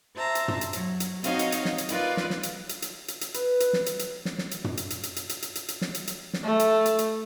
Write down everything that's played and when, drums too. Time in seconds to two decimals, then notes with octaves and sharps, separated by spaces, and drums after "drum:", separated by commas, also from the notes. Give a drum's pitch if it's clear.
0.15 C5 E5 A5 A#5
0.35 drum: hi-hat
0.48 drum: tom
0.61 drum: hi-hat
0.73 F#3, drum: hi-hat
1.00 drum: hi-hat
1.24 C4 D#4 F#4 C#5 D#5 F5, drum: hi-hat
1.39 drum: hi-hat
1.52 drum: hi-hat
1.65 drum: snare
1.78 drum: hi-hat
1.89 D#4 F4 A#4 B4 D5 F5, drum: hi-hat
2.17 drum: snare
2.30 drum: snare
2.43 drum: hi-hat
2.69 drum: hi-hat
2.82 drum: hi-hat
3.08 drum: hi-hat
3.21 drum: hi-hat
3.34 B4, drum: hi-hat
3.60 drum: hi-hat
3.73 drum: snare
3.86 drum: hi-hat
3.99 drum: hi-hat
4.25 drum: snare
4.38 drum: snare
4.51 drum: hi-hat
4.64 drum: tom
4.77 drum: hi-hat
4.90 drum: hi-hat
5.03 drum: hi-hat
5.16 drum: hi-hat
5.29 drum: hi-hat
5.42 drum: hi-hat
5.55 drum: hi-hat
5.68 drum: hi-hat
5.81 drum: snare
5.94 drum: hi-hat
6.07 drum: hi-hat
6.33 drum: snare
6.43 A3
6.59 drum: hi-hat
6.86 drum: hi-hat
6.99 drum: hi-hat